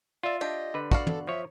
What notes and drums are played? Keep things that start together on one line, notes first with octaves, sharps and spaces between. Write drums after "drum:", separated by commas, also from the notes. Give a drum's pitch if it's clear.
F4 D5 E5
D4 G4 D#5
D3 B4
F#4 D5 F5 C#6, drum: kick
A4, drum: tom
F3 C#5 E5